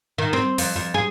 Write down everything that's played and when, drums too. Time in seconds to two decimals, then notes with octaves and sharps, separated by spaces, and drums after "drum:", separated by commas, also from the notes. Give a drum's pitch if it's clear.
0.18 D#3
0.33 C4
0.58 F2, drum: open hi-hat
0.76 F2
0.94 G#4